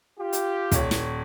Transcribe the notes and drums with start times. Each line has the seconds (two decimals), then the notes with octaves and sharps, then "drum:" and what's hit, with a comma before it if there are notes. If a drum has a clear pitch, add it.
0.18 F4 G4
0.33 drum: hi-hat
0.72 D#1 C#5, drum: kick, hi-hat
0.91 drum: snare